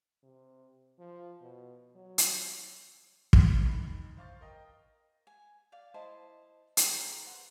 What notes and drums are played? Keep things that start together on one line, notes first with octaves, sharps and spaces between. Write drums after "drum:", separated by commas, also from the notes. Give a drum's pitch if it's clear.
C3
F3
B2
F#3
drum: hi-hat
drum: kick
A1 D#4 B5 C7
C5 F5 C#6 A6
A#4 D#5 G5
G#5
D5 F5
E4 C5 D#5 A5
G#4 B4 G5 A#5, drum: hi-hat
B4 C5 F#5